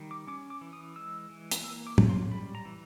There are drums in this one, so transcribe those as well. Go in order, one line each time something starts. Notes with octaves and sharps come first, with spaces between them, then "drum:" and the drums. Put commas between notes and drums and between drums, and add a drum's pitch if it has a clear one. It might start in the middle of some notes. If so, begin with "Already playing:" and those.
Already playing: D#3 G3
D6
C#4 D6
D6
E3
D#6
G#3 E6
E3
drum: hi-hat
A#3 E6
D6
C#4, drum: tom
C6
G3 B5
A#5
E3